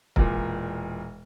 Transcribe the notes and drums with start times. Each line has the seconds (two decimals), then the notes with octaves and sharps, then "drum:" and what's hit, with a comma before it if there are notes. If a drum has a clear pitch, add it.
0.16 E1 A#2, drum: kick C#1